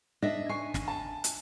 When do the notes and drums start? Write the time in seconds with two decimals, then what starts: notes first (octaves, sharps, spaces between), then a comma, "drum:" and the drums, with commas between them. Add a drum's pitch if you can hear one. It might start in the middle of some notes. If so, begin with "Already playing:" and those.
0.22 D4 D#5 E5 A#6
0.49 G#5 C#6 C7
0.74 drum: snare
0.88 A5
1.24 drum: hi-hat